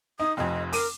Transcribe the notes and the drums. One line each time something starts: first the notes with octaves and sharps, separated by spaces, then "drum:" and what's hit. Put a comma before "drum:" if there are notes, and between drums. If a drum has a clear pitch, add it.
D#4 D#6
F1 F2 D#5
A#4 D6 D#7, drum: open hi-hat